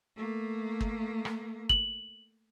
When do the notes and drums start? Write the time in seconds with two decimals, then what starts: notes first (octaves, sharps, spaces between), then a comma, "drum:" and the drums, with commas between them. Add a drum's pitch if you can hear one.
0.16 A3 A#3
0.81 drum: kick
1.25 drum: rim click
1.69 F#7, drum: kick